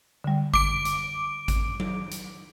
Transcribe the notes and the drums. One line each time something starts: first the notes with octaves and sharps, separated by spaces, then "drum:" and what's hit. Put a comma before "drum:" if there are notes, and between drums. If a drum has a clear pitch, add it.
D3 G3
D6 D7, drum: kick G#1
drum: hi-hat
drum: kick G#1, hi-hat
drum: tom F#3
drum: hi-hat